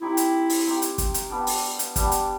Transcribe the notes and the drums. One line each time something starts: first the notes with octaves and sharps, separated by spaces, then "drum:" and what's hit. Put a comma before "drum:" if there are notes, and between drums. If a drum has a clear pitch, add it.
C4 D#4 E4 G4
drum: hi-hat
drum: open hi-hat
C4 D#4 G4
drum: hi-hat
drum: kick, hi-hat
drum: hi-hat
G3 B3 D4
drum: open hi-hat
drum: hi-hat
G3 B3 D4, drum: kick, hi-hat
drum: hi-hat